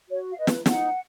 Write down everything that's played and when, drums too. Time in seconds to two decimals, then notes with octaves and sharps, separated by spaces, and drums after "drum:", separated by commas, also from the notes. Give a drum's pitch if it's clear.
0.10 F#4 C#5
0.32 F5
0.38 B4 D#5
0.47 drum: snare
0.66 D#4 F#5, drum: snare